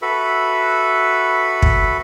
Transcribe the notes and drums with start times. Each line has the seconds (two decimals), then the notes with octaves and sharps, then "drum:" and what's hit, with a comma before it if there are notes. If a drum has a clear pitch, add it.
0.02 F#4 A4 B4 E5 B5
1.62 drum: kick